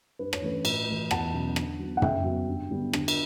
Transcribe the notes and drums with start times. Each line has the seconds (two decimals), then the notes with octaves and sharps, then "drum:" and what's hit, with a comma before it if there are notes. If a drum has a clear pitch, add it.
0.19 G2 B4
0.33 C#5, drum: rim click
0.42 E3 A3 C#4 B4
0.65 A2, drum: cymbal
0.88 E3 A3
1.11 E2 F#5 A5, drum: rim click
1.33 B2 F#3 C#4
1.56 D3, drum: rim click
1.79 F#3 B3
1.97 F#5
2.02 C#3 E5 G5, drum: tom
2.24 F#3 B3
2.48 G2
2.71 D3 G3 B3
2.93 D3, drum: rim click
3.08 drum: cymbal